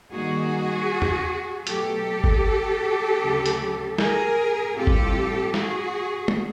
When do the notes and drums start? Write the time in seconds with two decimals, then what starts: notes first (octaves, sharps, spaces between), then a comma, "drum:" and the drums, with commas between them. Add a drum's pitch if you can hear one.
0.12 D#3 G3 A#3 D#4 F#4 G#4
1.02 drum: tom E2
1.67 B2 F#3 A3 G4 A4, drum: hi-hat
2.24 drum: kick G1
3.22 D2 C#3 F#3
3.46 drum: hi-hat
3.98 G#4 A#4, drum: snare
4.76 A2 E3 G3 C4 F4 G4 A4
4.87 drum: kick G1
5.54 F#4 G#4, drum: snare
6.28 drum: tom